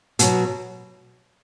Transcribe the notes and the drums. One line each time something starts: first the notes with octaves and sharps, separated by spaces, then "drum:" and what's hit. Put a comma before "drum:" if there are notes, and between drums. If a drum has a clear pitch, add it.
B2 F#3, drum: hi-hat